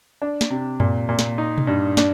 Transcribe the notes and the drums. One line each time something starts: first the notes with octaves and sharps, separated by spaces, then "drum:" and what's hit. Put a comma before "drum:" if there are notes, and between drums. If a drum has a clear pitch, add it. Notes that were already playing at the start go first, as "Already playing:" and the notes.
D4
drum: snare
C3
A#2, drum: tom F#2
A#2
drum: snare
D#4
drum: tom B2
G2
D4, drum: snare